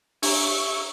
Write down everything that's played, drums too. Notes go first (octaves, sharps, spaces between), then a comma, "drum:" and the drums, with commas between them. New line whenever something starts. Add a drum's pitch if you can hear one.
D4 G4 E5 A#5 C#6, drum: open hi-hat